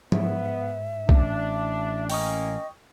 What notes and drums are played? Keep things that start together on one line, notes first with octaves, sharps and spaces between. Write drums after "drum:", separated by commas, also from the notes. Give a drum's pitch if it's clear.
G#2 B3 E5, drum: tom F3
A1 D4, drum: kick
A#3 C#4 D#5 G5 C#6 D#6, drum: open hi-hat